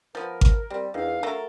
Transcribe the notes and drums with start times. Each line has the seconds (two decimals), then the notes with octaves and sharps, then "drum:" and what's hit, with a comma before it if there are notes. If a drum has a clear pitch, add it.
0.15 F3 B3 A#4
0.41 drum: kick G#1
0.70 G3 C4
0.94 E2 D#3 D4 F5
1.23 F#3 A3 A4 A#4